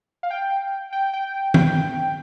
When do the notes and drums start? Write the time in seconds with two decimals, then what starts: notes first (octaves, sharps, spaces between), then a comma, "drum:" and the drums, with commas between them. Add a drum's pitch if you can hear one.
0.23 F5
0.30 G5
0.93 G5
1.13 G5
1.54 G5, drum: tom D#3